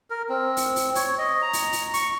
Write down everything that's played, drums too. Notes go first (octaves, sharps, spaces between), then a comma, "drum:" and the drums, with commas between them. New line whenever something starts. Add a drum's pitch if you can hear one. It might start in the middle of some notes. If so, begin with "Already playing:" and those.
A#4
C4
drum: open hi-hat
drum: open hi-hat
C#5, drum: open hi-hat
D#5
A#5
drum: open hi-hat
drum: open hi-hat
C#6, drum: open hi-hat